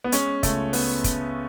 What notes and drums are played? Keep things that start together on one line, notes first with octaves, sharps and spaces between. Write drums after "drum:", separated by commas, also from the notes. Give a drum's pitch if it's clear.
B3
G#3 C#4, drum: hi-hat
C#2 A3, drum: kick, hi-hat
B3, drum: open hi-hat
drum: kick, hi-hat